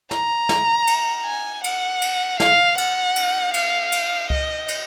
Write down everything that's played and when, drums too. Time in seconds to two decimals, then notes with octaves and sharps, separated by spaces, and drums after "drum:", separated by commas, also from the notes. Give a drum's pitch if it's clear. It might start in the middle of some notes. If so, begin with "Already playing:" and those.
0.11 A#5, drum: snare
0.49 drum: snare
0.87 drum: cymbal
1.25 G#5
1.64 F#5, drum: cymbal
2.02 drum: cymbal
2.40 F5, drum: snare
2.78 F#5, drum: cymbal
3.16 drum: cymbal
3.54 F5, drum: cymbal
3.92 drum: cymbal
4.30 D#5, drum: kick C#2
4.68 drum: cymbal